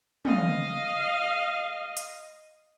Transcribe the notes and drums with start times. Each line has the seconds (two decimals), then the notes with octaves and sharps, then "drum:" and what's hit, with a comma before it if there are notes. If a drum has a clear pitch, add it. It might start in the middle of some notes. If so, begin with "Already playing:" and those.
0.25 D#5 F5, drum: tom
1.97 drum: hi-hat